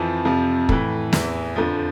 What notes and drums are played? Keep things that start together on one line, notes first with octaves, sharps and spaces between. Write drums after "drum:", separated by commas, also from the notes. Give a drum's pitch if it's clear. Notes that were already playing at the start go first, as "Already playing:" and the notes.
Already playing: F2 E3 F3
F2 C3 F3
A2 E3, drum: kick
E2 E3, drum: snare
F2 D3 F3